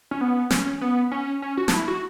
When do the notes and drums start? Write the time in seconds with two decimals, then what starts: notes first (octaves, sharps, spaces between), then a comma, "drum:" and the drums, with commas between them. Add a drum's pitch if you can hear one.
0.11 C#4
0.21 B3
0.50 C#4, drum: snare
0.81 B3
1.12 C#4
1.42 C#4
1.57 F#4
1.68 D4, drum: snare
1.73 E4
1.88 F#4